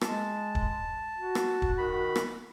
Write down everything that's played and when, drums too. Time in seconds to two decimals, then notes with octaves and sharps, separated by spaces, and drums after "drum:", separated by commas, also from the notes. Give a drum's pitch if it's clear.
0.01 G#3 A5, drum: rim click
0.55 drum: kick
1.18 F#4
1.35 drum: rim click
1.62 drum: kick
1.78 D#3 B5
2.16 drum: rim click